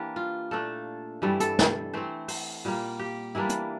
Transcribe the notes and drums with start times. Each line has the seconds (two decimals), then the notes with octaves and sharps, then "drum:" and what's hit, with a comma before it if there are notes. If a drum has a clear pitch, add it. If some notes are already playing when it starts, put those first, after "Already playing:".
Already playing: E3 A#3 D4 G4
0.16 F4
0.51 A#2 A3 D4 A4
1.22 G2 E3 G3 C4 A4
1.40 A4, drum: hi-hat
1.59 drum: snare
1.94 E3 A3 C4 C5
2.28 C5, drum: open hi-hat
2.65 A#2 G3 A#3
2.99 G4
3.35 E3 G3 A#3 D4 E4
3.49 drum: hi-hat